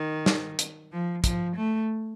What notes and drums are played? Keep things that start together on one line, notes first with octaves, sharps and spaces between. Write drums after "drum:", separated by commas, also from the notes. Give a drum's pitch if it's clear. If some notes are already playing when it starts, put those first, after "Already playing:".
Already playing: D#3
drum: snare
drum: hi-hat
F3
F3, drum: kick, hi-hat
A3